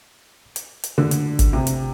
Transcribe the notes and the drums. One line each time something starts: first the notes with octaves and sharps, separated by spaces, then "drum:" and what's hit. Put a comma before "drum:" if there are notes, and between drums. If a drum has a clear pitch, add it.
drum: hi-hat
drum: hi-hat
D3
drum: hi-hat
drum: kick G#1, hi-hat
C3
drum: hi-hat